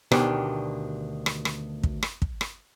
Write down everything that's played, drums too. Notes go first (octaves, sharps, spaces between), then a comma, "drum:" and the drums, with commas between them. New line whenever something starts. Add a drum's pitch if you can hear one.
D2 B2 D#3 D4 G4 C5, drum: rim click
drum: rim click
drum: rim click
drum: kick
drum: rim click
drum: kick
drum: rim click